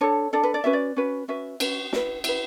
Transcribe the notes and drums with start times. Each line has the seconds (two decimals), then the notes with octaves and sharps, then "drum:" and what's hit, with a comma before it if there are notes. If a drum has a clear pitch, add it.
0.01 D4 A4 C#5
0.33 D4 A4 D5
0.43 B4
0.54 D5
0.64 C#4 F#4 B4 E5
0.73 D5
0.96 C#4 F#4 B4
1.28 C#4 F#4 B4 E5
1.60 C#4 F#4 B4, drum: cymbal
1.93 E4 B4, drum: snare
2.24 E4 B4, drum: cymbal